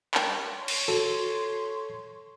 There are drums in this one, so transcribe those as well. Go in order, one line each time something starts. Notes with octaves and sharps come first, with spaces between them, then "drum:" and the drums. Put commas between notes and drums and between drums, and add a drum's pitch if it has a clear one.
G3 A#4 G5, drum: clap
C#5 C6
drum: cymbal
F#4 A4